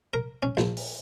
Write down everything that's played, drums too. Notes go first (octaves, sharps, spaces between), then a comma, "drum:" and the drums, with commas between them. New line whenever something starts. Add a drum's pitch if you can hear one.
A#4
C#4
A#1, drum: snare
drum: open hi-hat